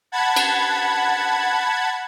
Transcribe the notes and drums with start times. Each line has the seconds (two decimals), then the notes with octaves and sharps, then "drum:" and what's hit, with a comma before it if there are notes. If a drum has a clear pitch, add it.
0.12 F#5 A5 B5 G#6
0.36 drum: cymbal